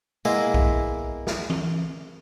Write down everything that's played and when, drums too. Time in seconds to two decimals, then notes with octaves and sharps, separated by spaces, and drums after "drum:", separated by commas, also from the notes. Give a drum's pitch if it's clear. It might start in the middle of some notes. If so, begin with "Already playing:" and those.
0.25 G#3 A#3 B3 E4, drum: tambourine
0.54 drum: kick B1
1.27 drum: snare
1.50 drum: tom E3